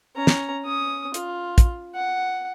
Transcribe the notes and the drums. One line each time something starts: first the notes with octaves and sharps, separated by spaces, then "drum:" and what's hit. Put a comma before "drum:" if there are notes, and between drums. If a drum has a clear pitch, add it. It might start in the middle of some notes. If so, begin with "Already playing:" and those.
C#4 A#5
drum: snare
C#4 D#6
F4, drum: hi-hat
drum: kick, hi-hat
F#5